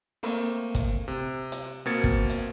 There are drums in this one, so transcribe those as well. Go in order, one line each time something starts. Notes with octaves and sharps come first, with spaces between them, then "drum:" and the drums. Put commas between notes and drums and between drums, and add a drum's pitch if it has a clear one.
A3 A#3 C4, drum: open hi-hat
drum: kick, hi-hat
C3
drum: hi-hat
B2 A#3 C4 G#6 A6 C#7
drum: kick
drum: hi-hat